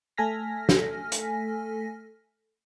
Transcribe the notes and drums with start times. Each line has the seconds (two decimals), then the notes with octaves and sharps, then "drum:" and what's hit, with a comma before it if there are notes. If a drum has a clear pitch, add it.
0.18 A3 A4 G#5 F6 A#6 B6
0.69 drum: snare
1.12 drum: hi-hat